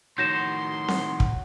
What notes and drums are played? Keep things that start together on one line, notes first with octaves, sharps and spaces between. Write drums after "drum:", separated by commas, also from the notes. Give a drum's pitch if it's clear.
A2 D#3 F#3 C6 G6 A#6 E7
F#5, drum: snare C4
drum: kick